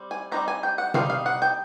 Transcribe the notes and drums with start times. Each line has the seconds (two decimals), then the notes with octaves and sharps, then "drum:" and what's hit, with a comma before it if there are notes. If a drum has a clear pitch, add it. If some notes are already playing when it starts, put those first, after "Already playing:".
Already playing: G3 C4
0.11 G#5
0.32 G3 C4 D#4 A#5
0.48 G#5
0.63 G5
0.78 F#5
0.94 G3 C4 D#4 F5, drum: tom C3
1.10 F5
1.26 F#5
1.42 G5